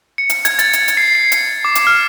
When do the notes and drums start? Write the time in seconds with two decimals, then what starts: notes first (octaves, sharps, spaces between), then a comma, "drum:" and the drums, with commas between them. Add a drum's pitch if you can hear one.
0.18 C#7
0.30 drum: hi-hat
0.45 G#6, drum: hi-hat
0.59 A6, drum: hi-hat
0.73 drum: hi-hat
0.88 drum: hi-hat
0.97 C7
1.15 C7
1.32 drum: hi-hat
1.65 D6
1.75 drum: hi-hat
1.87 F6